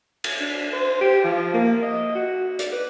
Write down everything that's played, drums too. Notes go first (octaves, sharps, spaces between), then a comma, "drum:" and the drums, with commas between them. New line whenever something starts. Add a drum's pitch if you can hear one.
drum: cymbal
D4
C5
G4
F3
A#3
D#5
F#4
D5, drum: hi-hat
B4